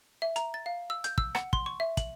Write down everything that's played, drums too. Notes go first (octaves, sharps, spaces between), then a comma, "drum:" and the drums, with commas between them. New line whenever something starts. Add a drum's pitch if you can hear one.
E5
A#5, drum: hi-hat
A6
F5
E6
G6, drum: hi-hat
E6, drum: kick
F#5, drum: rim click
C6, drum: kick
C#6
E5
F#7, drum: kick, hi-hat